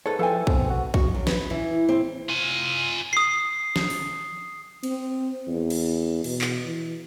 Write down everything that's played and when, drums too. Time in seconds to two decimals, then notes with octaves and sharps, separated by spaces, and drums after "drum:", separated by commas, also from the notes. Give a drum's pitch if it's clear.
0.06 G#2 A4 B4 C#5
0.19 E3 F3 A4 F5 G5 G#5
0.47 B2 C4, drum: kick
0.70 F#4
0.94 F#4, drum: kick
1.14 F#2
1.27 B4, drum: snare
1.50 E3
1.89 C4
2.29 F4 G#5
3.13 D#6 C7
3.76 drum: snare
3.90 drum: open hi-hat
4.83 C4, drum: cymbal
5.48 E2
5.70 drum: cymbal
6.24 B2, drum: cymbal
6.41 drum: clap
6.66 E3